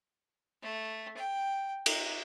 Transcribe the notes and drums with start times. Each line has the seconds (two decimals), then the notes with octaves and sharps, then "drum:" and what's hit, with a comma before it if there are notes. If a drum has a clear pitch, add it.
0.62 A3
1.17 G5
1.86 D#4, drum: cymbal